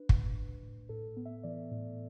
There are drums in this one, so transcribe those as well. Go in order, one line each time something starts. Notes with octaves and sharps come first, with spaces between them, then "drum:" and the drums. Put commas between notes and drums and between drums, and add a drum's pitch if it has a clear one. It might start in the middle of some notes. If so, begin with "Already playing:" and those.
Already playing: D4 B4
A2, drum: kick
A2
A2
A2 A4
B3
E5
E3 D5
A2